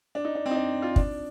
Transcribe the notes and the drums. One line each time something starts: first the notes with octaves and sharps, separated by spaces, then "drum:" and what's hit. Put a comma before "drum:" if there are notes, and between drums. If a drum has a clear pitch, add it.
D4
D#4
D4
C4
D#4
D4
F4
D4, drum: kick